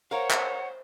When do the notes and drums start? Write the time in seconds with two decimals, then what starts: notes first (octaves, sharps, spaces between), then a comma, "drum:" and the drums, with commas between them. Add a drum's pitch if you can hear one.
0.11 A#4 C5 C#5 F5 F#5
0.31 drum: clap